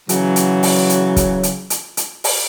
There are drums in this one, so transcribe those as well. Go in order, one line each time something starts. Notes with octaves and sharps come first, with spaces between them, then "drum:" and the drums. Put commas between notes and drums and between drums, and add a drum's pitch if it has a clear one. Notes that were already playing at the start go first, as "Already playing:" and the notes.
C#3 E3 F#3, drum: hi-hat
drum: hi-hat
drum: open hi-hat
drum: hi-hat
drum: kick, hi-hat
drum: hi-hat
drum: hi-hat
drum: hi-hat
drum: open hi-hat